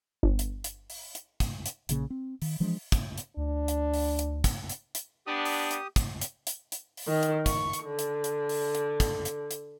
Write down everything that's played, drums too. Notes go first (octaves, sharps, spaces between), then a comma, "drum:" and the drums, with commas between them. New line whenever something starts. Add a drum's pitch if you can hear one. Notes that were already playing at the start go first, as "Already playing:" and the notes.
G1
drum: hi-hat
drum: hi-hat
drum: open hi-hat
drum: hi-hat
drum: kick, hi-hat
drum: hi-hat
A#1 C#3 A#3, drum: hi-hat
C4
D#3, drum: open hi-hat
E3 F3 G#3 D4
drum: kick, hi-hat
drum: hi-hat
D2 D4
drum: hi-hat
drum: open hi-hat
drum: hi-hat
drum: kick, hi-hat
drum: hi-hat
drum: hi-hat
B3 D4 G4 D#6
drum: open hi-hat
drum: hi-hat
drum: kick, hi-hat
drum: hi-hat
drum: hi-hat
drum: hi-hat
drum: open hi-hat
D#3
drum: hi-hat
C#6, drum: kick, hi-hat
drum: hi-hat
D3
drum: hi-hat
drum: hi-hat
drum: open hi-hat
drum: hi-hat
drum: kick, hi-hat
drum: hi-hat
drum: hi-hat